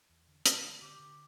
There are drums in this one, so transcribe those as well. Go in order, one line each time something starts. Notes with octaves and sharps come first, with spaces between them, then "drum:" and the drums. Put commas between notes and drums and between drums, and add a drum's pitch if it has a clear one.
E2
D3
D3, drum: hi-hat
A3
D3 G4
D3